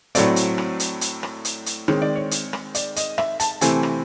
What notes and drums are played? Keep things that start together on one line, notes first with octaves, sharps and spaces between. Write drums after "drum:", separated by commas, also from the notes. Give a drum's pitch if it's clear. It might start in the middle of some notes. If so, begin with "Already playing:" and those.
A2 F#3 A3 C4 D5, drum: hi-hat
drum: hi-hat
drum: rim click
drum: hi-hat
drum: hi-hat
drum: rim click
drum: hi-hat
drum: hi-hat
D#3 G#3 C4 C#5, drum: rim click
D5
C#5
drum: hi-hat
drum: rim click
D5, drum: hi-hat
D#5, drum: hi-hat
E5, drum: rim click
A5, drum: hi-hat
C3 E3 A3 C4 G#5, drum: hi-hat
drum: rim click